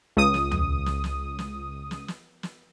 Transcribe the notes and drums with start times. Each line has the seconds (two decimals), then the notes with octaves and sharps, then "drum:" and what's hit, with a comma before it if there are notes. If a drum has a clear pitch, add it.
0.17 C#2 D#6
0.34 drum: snare
0.51 drum: tom D#2
0.86 drum: snare
1.04 drum: snare
1.39 drum: snare
1.91 drum: snare
2.08 drum: snare
2.43 drum: snare